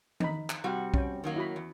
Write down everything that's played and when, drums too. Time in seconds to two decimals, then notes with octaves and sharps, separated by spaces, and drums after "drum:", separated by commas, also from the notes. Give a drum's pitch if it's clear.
0.20 D#4 B5, drum: tom D#3
0.50 drum: clap
0.64 C3 G3 F#4
0.94 C#4 G5, drum: kick B1
1.24 D#3 F#3 A#3
1.36 E4 F#4 B5
1.56 E2